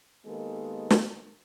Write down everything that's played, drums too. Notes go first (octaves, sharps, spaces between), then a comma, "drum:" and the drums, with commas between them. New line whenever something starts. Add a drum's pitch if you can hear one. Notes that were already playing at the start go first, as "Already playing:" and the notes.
D#3 G#3 A#3 B3 G4 A4
drum: snare